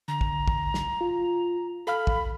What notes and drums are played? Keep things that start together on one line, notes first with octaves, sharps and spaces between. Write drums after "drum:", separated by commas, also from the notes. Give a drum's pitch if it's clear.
D3 A#5
drum: kick
drum: kick
drum: snare
F4
A4 F5 B5 F6
drum: kick